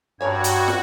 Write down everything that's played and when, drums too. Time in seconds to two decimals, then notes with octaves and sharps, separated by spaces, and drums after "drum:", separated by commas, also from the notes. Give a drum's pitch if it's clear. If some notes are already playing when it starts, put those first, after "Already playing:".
0.21 G2 F#4 A#4 C#5 G5 G#5 G#6
0.44 drum: hi-hat
0.68 drum: snare